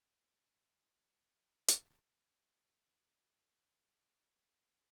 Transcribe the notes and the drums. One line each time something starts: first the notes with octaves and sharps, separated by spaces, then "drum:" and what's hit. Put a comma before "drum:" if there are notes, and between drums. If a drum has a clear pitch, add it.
B1 C#3
drum: hi-hat
B1 C3 D#4 D#5
F#2 B2 A3 F4 F#4 G#4 B4
F3 G3 A5
G1
D4